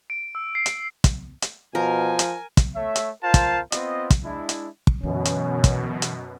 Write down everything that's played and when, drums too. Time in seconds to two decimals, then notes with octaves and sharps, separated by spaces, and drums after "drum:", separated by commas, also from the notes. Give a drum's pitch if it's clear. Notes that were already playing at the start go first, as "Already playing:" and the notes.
0.10 D7
0.35 E6
0.55 C7
0.66 drum: hi-hat
1.04 drum: kick, hi-hat
1.42 drum: hi-hat
1.75 B2 F3 A#4 G#5
2.19 drum: hi-hat
2.57 drum: kick, hi-hat
2.75 A3 C#5 E5
2.96 drum: hi-hat
3.23 F4 A#4 C5 F5 A5
3.34 drum: kick, hi-hat
3.72 B3 C4 F4 D#5, drum: hi-hat
4.10 drum: kick, hi-hat
4.24 G#3 D4 E4
4.49 drum: hi-hat
4.87 drum: kick
5.03 F#2 B2 D3 E3 C#4
5.25 drum: hi-hat
5.64 drum: kick, hi-hat
6.02 drum: hi-hat